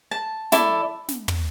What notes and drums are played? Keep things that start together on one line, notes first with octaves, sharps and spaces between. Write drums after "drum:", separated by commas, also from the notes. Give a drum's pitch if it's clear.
A5
E4 A4 D5, drum: snare
drum: snare
drum: tom